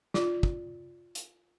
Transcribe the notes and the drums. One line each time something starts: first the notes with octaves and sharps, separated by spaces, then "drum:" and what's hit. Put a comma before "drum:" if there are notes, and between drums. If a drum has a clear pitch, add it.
F4 D5, drum: snare
drum: kick
drum: hi-hat